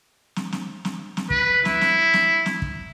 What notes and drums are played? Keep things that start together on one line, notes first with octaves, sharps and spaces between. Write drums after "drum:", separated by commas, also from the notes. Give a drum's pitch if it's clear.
drum: snare
drum: snare
drum: snare
drum: snare
B4, drum: kick
E4, drum: snare
drum: snare
drum: snare
drum: snare
drum: kick